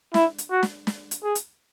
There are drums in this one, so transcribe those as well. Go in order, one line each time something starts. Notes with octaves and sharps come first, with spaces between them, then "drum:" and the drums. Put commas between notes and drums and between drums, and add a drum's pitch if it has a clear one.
E4, drum: snare
drum: hi-hat
F#4
drum: snare
drum: snare
drum: hi-hat
G#4
drum: hi-hat